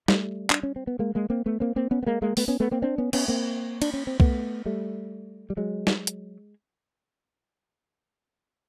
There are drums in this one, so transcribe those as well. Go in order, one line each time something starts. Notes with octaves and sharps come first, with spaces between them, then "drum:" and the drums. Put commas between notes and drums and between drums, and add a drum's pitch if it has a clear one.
G3 A3, drum: snare
D4, drum: clap
C#4
C4
B3
G#3 A#3
G#3 A#3
A#3 C4
A3 B3
A#3 C4
A#3 C4
B3 C#4
B3
G#3 A#3
G#3 A#3
A3 B3, drum: open hi-hat
B3 C#4
A3 B3
A#3 C4
C4 D4
B3 C#4
B3 C#4, drum: cymbal
A#3 C4
D4, drum: cymbal
C#4
C4
A3 B3, drum: kick
G3 A3
G3
F#3 G#3
drum: snare
drum: hi-hat